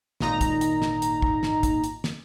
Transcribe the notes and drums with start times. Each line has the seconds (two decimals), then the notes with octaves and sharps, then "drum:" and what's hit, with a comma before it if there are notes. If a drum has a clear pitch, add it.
0.20 G#1 A#2 D#4 A#5, drum: snare
0.41 drum: kick, hi-hat
0.61 drum: hi-hat
0.82 drum: snare
1.02 drum: hi-hat
1.22 drum: kick
1.43 drum: snare
1.63 drum: kick, hi-hat
1.84 drum: hi-hat
2.04 drum: snare